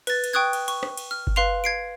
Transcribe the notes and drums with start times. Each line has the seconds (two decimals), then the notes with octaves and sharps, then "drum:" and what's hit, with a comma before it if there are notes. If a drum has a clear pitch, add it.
0.07 B4 A6, drum: cymbal
0.24 drum: cymbal
0.33 G5 C#6 D#6 F#6 G#6
0.53 drum: cymbal
0.68 C#6, drum: cymbal
0.83 drum: rim click
0.97 drum: cymbal
1.11 F6
1.27 drum: kick G1
1.36 B4 F5 C6 C7 F7
1.64 G#6 C7 D7